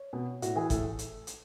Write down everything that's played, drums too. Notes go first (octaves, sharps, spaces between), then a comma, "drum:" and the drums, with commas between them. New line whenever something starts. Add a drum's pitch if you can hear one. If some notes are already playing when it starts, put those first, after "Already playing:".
Already playing: C#5
B2
A2 F#4, drum: hi-hat
E3 G#4
A2 A4, drum: kick G1, hi-hat
drum: hi-hat
drum: hi-hat